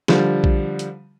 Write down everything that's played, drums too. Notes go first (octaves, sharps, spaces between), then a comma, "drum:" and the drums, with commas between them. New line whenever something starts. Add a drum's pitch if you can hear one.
D3 F3 G3, drum: snare
drum: kick A#1
drum: hi-hat